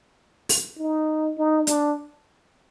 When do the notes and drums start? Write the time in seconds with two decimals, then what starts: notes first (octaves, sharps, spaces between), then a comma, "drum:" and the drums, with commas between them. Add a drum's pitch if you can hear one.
0.49 drum: open hi-hat
0.78 D#4
1.38 D#4
1.67 D4, drum: hi-hat